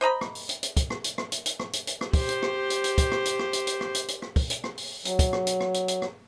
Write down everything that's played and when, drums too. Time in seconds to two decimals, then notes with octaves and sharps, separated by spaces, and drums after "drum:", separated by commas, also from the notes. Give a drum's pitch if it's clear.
0.01 C5 D#5 A#5 B5
0.21 drum: rim click
0.35 drum: open hi-hat
0.49 drum: hi-hat
0.63 drum: hi-hat
0.77 drum: kick, hi-hat
0.90 drum: rim click
1.04 drum: hi-hat
1.18 drum: rim click
1.32 drum: hi-hat
1.46 drum: hi-hat
1.60 drum: rim click
1.73 drum: hi-hat
1.87 drum: hi-hat
2.01 drum: rim click
2.13 G4 C5, drum: kick, open hi-hat
2.29 drum: hi-hat
2.42 drum: rim click
2.70 drum: hi-hat
2.84 drum: hi-hat
2.98 drum: kick, hi-hat
3.12 drum: rim click
3.25 drum: hi-hat
3.39 drum: rim click
3.53 drum: hi-hat
3.67 drum: hi-hat
3.81 drum: rim click
3.95 drum: hi-hat
4.08 drum: hi-hat
4.22 drum: rim click
4.36 drum: kick, open hi-hat
4.50 drum: hi-hat
4.64 drum: rim click
4.78 drum: open hi-hat
5.05 F#3, drum: hi-hat
5.19 drum: kick, hi-hat
5.33 drum: rim click
5.47 drum: hi-hat
5.61 drum: rim click
5.74 drum: hi-hat
5.88 drum: hi-hat
6.02 drum: rim click